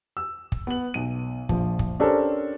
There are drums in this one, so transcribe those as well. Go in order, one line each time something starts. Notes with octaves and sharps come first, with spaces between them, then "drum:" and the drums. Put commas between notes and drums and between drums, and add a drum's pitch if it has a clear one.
E6
drum: kick
B3 F#7
B1 D#7
A#1 F3, drum: kick
drum: kick
C#4 D4 G4 A4 A#4 C5